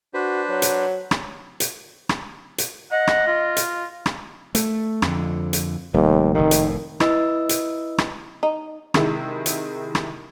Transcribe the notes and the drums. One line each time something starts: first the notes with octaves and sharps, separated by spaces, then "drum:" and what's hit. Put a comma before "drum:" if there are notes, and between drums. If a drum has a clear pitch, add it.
D4 F#4 B4 C5
F#3
drum: hi-hat
drum: rim click
drum: hi-hat
drum: rim click
drum: hi-hat
D#5 F#5
drum: rim click
F4
drum: hi-hat
drum: rim click
A3, drum: hi-hat
F2 D3, drum: rim click
drum: hi-hat
F1 D#2 G3
F1 A2 D#3
drum: hi-hat
E4 B4 D#5 E6, drum: rim click
drum: hi-hat
drum: rim click
D#4
C3 D#3 G#3 E4, drum: rim click
drum: hi-hat
drum: rim click